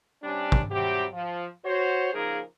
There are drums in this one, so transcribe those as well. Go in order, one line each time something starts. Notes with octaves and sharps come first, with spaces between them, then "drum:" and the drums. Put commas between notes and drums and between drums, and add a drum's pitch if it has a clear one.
C3 G3 C#4 D4
drum: kick
F#3 G3 C4 E4 G4
F3
F#4 C5 C#5
C#3 F3 A#3 D#4 G#4 A#4